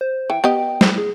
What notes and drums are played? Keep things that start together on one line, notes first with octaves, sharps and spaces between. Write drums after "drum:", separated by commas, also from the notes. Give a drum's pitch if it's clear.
C5
E3 G5
B3 G4 D#5
drum: snare
G#4